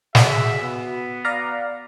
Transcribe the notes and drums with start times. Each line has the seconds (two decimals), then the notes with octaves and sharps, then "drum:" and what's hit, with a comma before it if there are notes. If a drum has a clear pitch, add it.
0.15 F#4 G#4 E5, drum: snare
0.62 B3
1.25 D5 F5 A#5